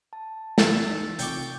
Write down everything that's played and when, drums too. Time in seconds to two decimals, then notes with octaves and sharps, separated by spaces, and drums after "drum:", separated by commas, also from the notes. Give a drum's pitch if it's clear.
0.13 A5
0.58 E6 A6, drum: snare
0.90 E3 D#4
1.19 C3 C4 F4 G5 C#6 D6, drum: hi-hat